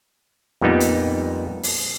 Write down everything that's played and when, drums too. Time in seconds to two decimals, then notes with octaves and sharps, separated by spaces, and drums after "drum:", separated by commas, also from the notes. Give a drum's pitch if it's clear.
0.61 F2 A#2 G3 B3 D#4
0.80 drum: hi-hat
1.63 drum: open hi-hat